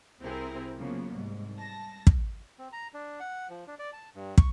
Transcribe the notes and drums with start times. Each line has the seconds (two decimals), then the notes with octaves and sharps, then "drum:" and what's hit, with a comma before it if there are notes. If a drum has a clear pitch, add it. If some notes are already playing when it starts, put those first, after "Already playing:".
0.22 C2 C3 C4 E4 G#4 A#4
0.78 C#3 F3 F#3 A#3 B3
1.13 C2 G#2
1.58 A5 A#6
2.07 drum: kick
2.59 C4
2.72 A#5
2.94 D4
3.20 F#5
3.50 F3
3.68 D4
3.79 D5
3.93 A5
4.15 G2
4.38 C#6, drum: kick